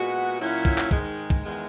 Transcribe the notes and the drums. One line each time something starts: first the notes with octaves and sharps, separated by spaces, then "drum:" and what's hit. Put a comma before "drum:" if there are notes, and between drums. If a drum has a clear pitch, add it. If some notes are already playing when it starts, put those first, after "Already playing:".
Already playing: A#2 G#3 B3 F#4
A#2 F#3 C#4 E4, drum: tambourine
drum: tambourine
drum: kick, tambourine
drum: clap
G#2 D#3 G#3, drum: kick, tambourine
drum: tambourine
drum: tambourine
drum: kick, tambourine
E2 D#3 G#3, drum: tambourine